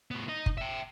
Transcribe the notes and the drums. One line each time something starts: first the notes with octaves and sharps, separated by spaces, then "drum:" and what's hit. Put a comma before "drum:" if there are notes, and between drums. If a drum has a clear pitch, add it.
A2 B3
D#4 D#5
drum: kick
E5 G5